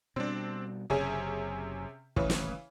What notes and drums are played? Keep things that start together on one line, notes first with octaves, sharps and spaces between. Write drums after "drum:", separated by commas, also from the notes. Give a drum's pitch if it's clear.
B2 G3 C4 D4
F#1 C3 C#4 G#4
D#1 A1 C#3 E3 C#5, drum: kick
drum: snare